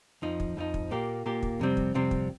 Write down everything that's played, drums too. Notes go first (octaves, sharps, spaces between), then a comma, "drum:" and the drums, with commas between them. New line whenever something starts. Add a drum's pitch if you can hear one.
F2 F3 D#4
drum: kick
F2 F3 D#4
drum: kick
A#2 A#3 G4
A#2 A#3 G4
drum: kick
F2 C3 G3 C4
drum: kick
F2 C3 G3 C4
drum: kick